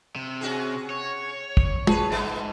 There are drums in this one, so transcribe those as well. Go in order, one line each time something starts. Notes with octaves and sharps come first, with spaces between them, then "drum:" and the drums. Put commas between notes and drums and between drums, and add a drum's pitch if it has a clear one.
C3
C#4 F#4 G#4
C#5
drum: kick
G#4 B4 A5, drum: tom
G#2 G#3 B3